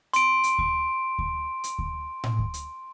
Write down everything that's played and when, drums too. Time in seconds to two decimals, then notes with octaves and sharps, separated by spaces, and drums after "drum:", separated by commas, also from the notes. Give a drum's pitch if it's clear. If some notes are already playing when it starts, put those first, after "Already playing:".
0.13 C6 D7, drum: hi-hat
0.44 drum: hi-hat
0.59 drum: kick D2
1.19 drum: kick D2
1.64 drum: hi-hat
1.79 drum: kick D2
2.24 drum: tom A2
2.39 drum: kick D2
2.54 drum: hi-hat